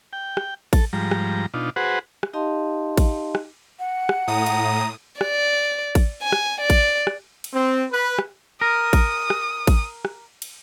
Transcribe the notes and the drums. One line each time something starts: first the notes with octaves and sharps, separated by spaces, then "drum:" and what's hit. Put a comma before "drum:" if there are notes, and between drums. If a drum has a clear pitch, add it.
G5
drum: rim click
A4, drum: kick A1, cymbal
G#2 F3 G3 A#5
drum: rim click
B2 D4 D#4 F4
F#4 G#4 B4 C5 F#5
drum: rim click
D#4 G4 D#5 F5 A5 C6
drum: kick A1, cymbal
drum: rim click
F#5
drum: rim click
A2 A#5 D#6
drum: cymbal
D5, drum: rim click
drum: kick A1, cymbal
G#5
drum: rim click
D5
drum: kick A1, cymbal
drum: rim click
drum: cymbal
C4
B4
drum: rim click
A#4 D#6
drum: kick A1, cymbal
drum: rim click
drum: kick A1, cymbal
drum: rim click
drum: cymbal